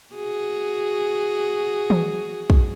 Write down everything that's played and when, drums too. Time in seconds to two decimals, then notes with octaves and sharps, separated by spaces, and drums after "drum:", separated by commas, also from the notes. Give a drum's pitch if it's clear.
0.14 F#4 G#4
1.90 drum: tom
2.50 drum: kick